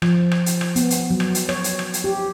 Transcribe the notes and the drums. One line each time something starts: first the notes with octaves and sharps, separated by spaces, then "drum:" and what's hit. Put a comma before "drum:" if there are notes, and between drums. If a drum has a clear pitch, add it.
F3, drum: rim click
drum: rim click
drum: hi-hat
drum: rim click
B3, drum: hi-hat
drum: hi-hat
F#3
drum: rim click
drum: hi-hat
C#5, drum: rim click
drum: hi-hat
drum: rim click
drum: hi-hat
G4